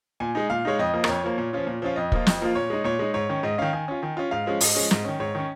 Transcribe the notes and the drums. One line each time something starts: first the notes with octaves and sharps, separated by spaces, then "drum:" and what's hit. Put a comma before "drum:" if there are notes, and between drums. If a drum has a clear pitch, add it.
A#2 G#5
G#3 D#4
A#2 F5
G#3 D#4 C#5
F2 D#5
F3 A#3
A#4, drum: rim click
F2 C#5
F3 A#3
A#2
F3 C#4 F4
A#2
F3 C#4 F4
F2 D#5
F3 A#3 F4, drum: kick
F2, drum: snare
F3 A#3 F4
A#2 C#5
G#3 D#4
A#2 C#5
G#3 D#4
G#2 C#5
D#3 C#4
G#2 D#5
D#3 C#4 F5
D#3 G#5
C#4 F4
D#3
C#4 F4
G#2 F5
F3 G#3 C#4
G#2 D#5, drum: open hi-hat
F3 G#3 C#4
G#2, drum: snare
D#3 C#4
G#2 C#5
D#3 C#4